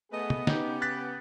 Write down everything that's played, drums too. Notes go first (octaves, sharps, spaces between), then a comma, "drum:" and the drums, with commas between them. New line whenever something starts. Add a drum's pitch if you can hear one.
A3 B3 G#4 D#5
drum: tom
C#3 D#4 G4, drum: snare
F#6 A6 B6